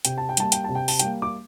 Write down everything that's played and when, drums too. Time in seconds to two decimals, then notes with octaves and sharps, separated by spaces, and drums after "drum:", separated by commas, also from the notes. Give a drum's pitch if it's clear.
0.05 C3 G5, drum: hi-hat
0.18 A5
0.29 G5
0.37 G3 A#3 A5, drum: hi-hat
0.52 G5, drum: hi-hat
0.64 C3 A5
0.75 G5
0.88 A5, drum: open hi-hat
0.99 G3 A#3 G5, drum: hi-hat
1.22 D6